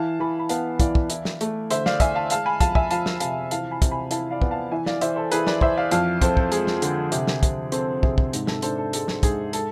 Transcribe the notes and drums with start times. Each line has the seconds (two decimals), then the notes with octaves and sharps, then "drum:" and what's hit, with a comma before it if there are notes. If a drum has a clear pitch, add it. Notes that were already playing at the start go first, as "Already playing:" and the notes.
Already playing: E3 F5 A5
0.20 E3 G#5 B5
0.39 B5
0.49 B3 F5 A5, drum: hi-hat
0.80 E3 D5 F5, drum: kick, hi-hat
0.95 drum: kick
1.10 E4, drum: hi-hat
1.25 drum: snare
1.41 A3, drum: hi-hat
1.70 D3 C5 E5, drum: hi-hat
1.86 D5 F5, drum: snare
2.00 E4 E5 G#5, drum: kick, hi-hat
2.15 F5 A5
2.30 G#3 F5 A5, drum: hi-hat
2.46 G#5 B5
2.60 F2 F5 A5, drum: kick, hi-hat
2.75 E5 G#5, drum: kick
2.91 F3 F5 A5, drum: hi-hat
3.06 drum: snare
3.20 C3 F5 A5, drum: hi-hat
3.51 E3 F5 A5, drum: hi-hat
3.71 G#5 B5
3.82 C3, drum: kick, hi-hat
3.91 G#5 B5
4.11 E4 F5 A5, drum: hi-hat
4.31 D5 F5
4.42 B3, drum: kick
4.51 F5 A5
4.72 E3 E5 G#5
4.86 D5 F5, drum: snare
5.01 E3 C5 E5, drum: hi-hat
5.16 A4 C5
5.32 E3 G#4 B4, drum: hi-hat
5.47 B4 D5, drum: snare
5.61 E3 C5 E5, drum: kick
5.77 D5 F5
5.91 F2 F5 A5, drum: hi-hat
6.22 C4 A4 C5, drum: kick, hi-hat
6.37 A4, drum: kick
6.52 G#3 G#4, drum: hi-hat
6.67 drum: snare
6.82 D3, drum: hi-hat
7.12 C3, drum: hi-hat
7.27 drum: snare
7.43 C3, drum: kick, hi-hat
7.72 C4 A4, drum: hi-hat
8.03 C3 G#4, drum: kick
8.18 drum: kick
8.33 G#2, drum: hi-hat
8.47 A4, drum: snare
8.62 D4 A4 C5, drum: hi-hat
8.78 A4
8.93 G#3 A4, drum: hi-hat
9.08 drum: snare
9.23 G#2 G#4, drum: kick, hi-hat
9.53 G#3 A4, drum: hi-hat